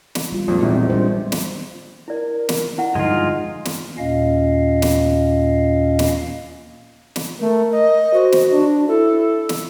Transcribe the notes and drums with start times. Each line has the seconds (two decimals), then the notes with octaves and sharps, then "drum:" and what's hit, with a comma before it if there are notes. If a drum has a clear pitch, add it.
0.15 drum: snare
0.32 G3 F4
0.48 F2 A#2 G#3
0.62 A#1 E2 C4
0.90 G3 D4 C5
1.32 drum: snare
2.08 E4 A#4 D5
2.49 drum: snare
2.78 E4 D5 F#5
2.95 G2 D3 F3 G#3 D#4 F4
3.65 drum: snare
3.98 D#2 A#2 C#4 D#5 F5
4.82 drum: snare
5.99 drum: snare
7.16 drum: snare
7.41 A3 A#4
7.72 D#5
8.14 F#4 C5
8.32 drum: snare
8.52 D4
8.88 E4 A4
9.49 drum: snare